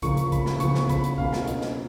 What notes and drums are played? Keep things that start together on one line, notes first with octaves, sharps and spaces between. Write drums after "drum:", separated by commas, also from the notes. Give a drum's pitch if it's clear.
C#3 F3 A#3 C#6, drum: kick, hi-hat
drum: hi-hat
B5, drum: kick, hi-hat
drum: snare
C#3 F3 B3 C#6, drum: hi-hat
drum: snare
B5, drum: kick, hi-hat
drum: hi-hat
B2 A#3 C#4 F5, drum: kick
drum: snare
D#5, drum: hi-hat
drum: snare